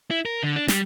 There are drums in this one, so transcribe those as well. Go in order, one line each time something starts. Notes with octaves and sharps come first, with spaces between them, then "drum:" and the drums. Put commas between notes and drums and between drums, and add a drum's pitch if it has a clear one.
E4
A#4
D3
D4
G3, drum: snare